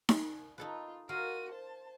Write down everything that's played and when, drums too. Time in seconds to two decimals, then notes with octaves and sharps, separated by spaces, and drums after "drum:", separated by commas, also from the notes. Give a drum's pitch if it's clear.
0.09 drum: snare D#4
0.58 D#4 F4 A4 B4
1.09 F4 F#4 A#4 D#7
1.52 C5 A5